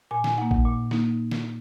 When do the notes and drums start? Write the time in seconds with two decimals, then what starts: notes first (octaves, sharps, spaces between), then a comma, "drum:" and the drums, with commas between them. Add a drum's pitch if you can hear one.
0.11 A#2 G#5
0.24 G#5, drum: snare
0.38 A#3 D#4 F#5
0.51 F#5, drum: kick
0.65 A#2
0.91 A#3 D#4, drum: snare
1.31 drum: snare